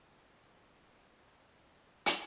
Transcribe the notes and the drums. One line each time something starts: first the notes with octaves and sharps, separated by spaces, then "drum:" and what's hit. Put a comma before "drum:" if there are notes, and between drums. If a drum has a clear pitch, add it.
D4
G4
drum: hi-hat